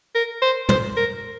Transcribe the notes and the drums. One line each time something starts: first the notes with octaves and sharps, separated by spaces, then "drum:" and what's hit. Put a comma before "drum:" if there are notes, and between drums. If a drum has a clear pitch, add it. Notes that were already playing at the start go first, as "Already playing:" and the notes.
A#4
C5
C5, drum: tom
A#4